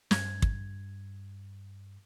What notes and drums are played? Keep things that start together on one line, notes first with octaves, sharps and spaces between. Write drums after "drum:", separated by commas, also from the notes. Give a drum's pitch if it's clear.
G2 G#6, drum: snare
drum: kick